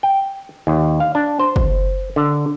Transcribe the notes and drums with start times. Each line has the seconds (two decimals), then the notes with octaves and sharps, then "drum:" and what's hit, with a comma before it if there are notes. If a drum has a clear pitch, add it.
0.03 G5
0.67 D#2
1.00 F5
1.15 D4
1.40 C5
1.56 drum: kick
2.16 D3